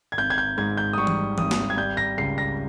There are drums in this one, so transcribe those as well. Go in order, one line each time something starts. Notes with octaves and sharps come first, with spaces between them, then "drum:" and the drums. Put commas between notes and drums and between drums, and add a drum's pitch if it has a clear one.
G#6
G#1 G6
G#6
G6
G#2 G#6
G6
D#6
G3 C#6
drum: tom E3
G#1 D#6, drum: tom E3
drum: snare
G#6
G3 G6
A#6
C#2 C7
A#6